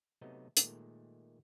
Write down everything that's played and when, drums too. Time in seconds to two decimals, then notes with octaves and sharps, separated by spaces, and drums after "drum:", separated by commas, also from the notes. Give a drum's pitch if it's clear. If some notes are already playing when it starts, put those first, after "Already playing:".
0.21 C3 F#3 A3 B3 D#4 D#5
0.57 A#2 D#3 G#3 A3, drum: hi-hat